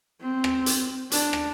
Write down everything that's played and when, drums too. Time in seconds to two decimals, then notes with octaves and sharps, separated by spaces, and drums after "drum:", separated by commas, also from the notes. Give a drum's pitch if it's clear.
0.22 C4
0.44 drum: rim click
0.66 drum: hi-hat
1.12 D4, drum: hi-hat
1.33 drum: rim click